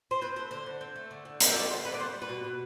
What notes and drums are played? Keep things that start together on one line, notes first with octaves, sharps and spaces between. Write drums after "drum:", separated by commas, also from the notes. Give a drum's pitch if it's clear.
C5
C4 B4
A3 C5
D3 C5
D3
C4
A3
D3
D3
C4, drum: hi-hat
E5
A3 D5
D3 C5
D3 B4
D5
B3 C5
G3
B4
B2
B2